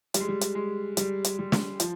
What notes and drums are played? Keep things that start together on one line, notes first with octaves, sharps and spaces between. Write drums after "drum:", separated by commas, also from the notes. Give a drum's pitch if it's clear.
G3, drum: hi-hat
G#3
G3
drum: hi-hat
G#3
G3, drum: hi-hat
drum: hi-hat
G3
drum: snare
F3, drum: hi-hat